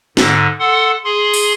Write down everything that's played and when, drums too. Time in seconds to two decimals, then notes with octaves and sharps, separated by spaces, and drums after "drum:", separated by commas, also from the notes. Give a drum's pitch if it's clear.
0.17 G#2 D3, drum: snare
0.60 A4 F#5 C6
1.04 G#4 C6
1.34 drum: open hi-hat